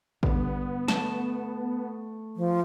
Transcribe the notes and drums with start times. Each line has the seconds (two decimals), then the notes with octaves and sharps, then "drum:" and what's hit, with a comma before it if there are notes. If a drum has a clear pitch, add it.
0.23 G2 D3 B3, drum: kick A1
0.88 A3 A5, drum: snare
2.36 F3